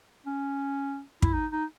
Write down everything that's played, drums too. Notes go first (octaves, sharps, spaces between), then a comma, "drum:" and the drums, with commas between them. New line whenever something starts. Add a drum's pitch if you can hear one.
C#4
E4, drum: kick
D#4
D#4